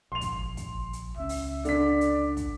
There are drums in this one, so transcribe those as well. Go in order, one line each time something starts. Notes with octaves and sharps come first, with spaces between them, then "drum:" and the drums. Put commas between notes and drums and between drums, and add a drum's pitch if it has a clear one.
A#1 C6 F7
drum: kick, hi-hat
drum: kick, hi-hat
drum: hi-hat
C#2 C#4 E5
drum: open hi-hat
D3 D5 B6, drum: hi-hat
drum: hi-hat
drum: kick, hi-hat